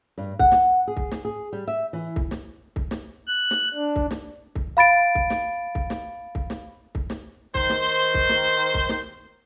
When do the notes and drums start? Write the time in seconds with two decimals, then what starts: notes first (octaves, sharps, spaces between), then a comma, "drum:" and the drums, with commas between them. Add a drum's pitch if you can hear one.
0.18 G2
0.39 F#5, drum: kick C2
0.52 drum: snare
0.88 G#4
0.97 drum: kick C2
1.11 drum: snare
1.25 G#4
1.53 G3
1.68 E5
1.93 E3
2.16 drum: kick C2
2.31 drum: snare
2.76 drum: kick C2
2.91 drum: snare
3.28 F#6
3.51 drum: snare
3.74 D4
3.96 drum: kick C2
4.11 drum: snare
4.55 drum: kick C2
4.77 F5 B5 A6 D7
5.15 drum: kick C2
5.30 drum: snare
5.75 drum: kick C2
5.90 drum: snare
6.35 drum: kick C2
6.50 drum: snare
6.95 drum: kick C2
7.10 drum: snare
7.55 D#3 C5, drum: kick C2
7.70 drum: snare
8.14 drum: kick C2
8.29 drum: snare
8.74 drum: kick C2
8.89 drum: snare